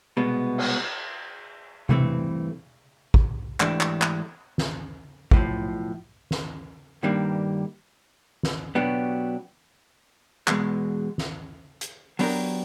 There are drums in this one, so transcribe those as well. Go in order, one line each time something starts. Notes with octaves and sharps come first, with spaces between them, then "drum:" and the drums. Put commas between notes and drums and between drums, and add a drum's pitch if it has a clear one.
C2 B2 G#3 B3
drum: cymbal
G2 E3 A3 C4, drum: tom C3
drum: kick
G#2 E3 A3 D4 G4, drum: clap
drum: clap
drum: clap
drum: snare
B1 A2 F3, drum: kick
drum: snare
G2 D#3 G3 A#3 D4
drum: snare
B2 F#3 B3 D4 G4
E2 B2 G#3, drum: clap
drum: snare
drum: hi-hat
F#3 B3 D4 G4 A#4, drum: open hi-hat